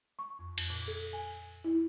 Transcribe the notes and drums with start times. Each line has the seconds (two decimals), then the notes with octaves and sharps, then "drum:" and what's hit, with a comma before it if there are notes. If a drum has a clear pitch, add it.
0.19 C#6
0.39 F2
0.58 F2, drum: cymbal
0.70 A#2
0.88 A4
1.13 G#5
1.64 E4